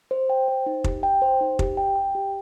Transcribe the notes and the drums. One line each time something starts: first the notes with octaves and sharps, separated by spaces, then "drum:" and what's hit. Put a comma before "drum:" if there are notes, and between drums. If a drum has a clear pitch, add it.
C5
G5
C5
D#4
G4, drum: kick
G5
C5
D#4
G4, drum: kick
G5
G5
G4